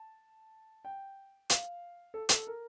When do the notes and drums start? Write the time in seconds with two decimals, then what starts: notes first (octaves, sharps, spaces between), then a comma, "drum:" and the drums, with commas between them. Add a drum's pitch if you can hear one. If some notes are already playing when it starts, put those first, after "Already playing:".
Already playing: A5
0.85 G5
1.50 F5, drum: hi-hat
2.14 A4
2.29 A4, drum: hi-hat
2.47 A#4